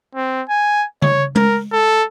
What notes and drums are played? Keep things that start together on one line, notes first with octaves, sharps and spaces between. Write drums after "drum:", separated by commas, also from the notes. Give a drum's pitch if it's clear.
C4
G#5
C#5, drum: tom C#3
A#4, drum: tom G#3
A4